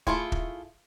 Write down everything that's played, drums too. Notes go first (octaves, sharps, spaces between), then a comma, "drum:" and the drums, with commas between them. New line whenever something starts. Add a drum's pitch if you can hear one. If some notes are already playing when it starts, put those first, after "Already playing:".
A3 E4 F4 G#4, drum: kick
drum: kick